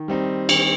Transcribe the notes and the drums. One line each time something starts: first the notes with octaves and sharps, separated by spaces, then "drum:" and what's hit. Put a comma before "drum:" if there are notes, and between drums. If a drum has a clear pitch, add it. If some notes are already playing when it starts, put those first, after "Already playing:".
Already playing: D#3
G3 C4 D#4
D#3, drum: cymbal